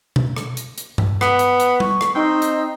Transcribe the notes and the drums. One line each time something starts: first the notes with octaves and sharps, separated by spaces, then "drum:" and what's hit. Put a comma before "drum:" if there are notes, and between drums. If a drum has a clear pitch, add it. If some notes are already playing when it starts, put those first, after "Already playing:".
drum: tom B2
drum: rim click
drum: hi-hat
drum: hi-hat
drum: tom G2
B3, drum: rim click
drum: hi-hat
drum: hi-hat
C#6, drum: tom G3
drum: rim click
C4 D#4
drum: hi-hat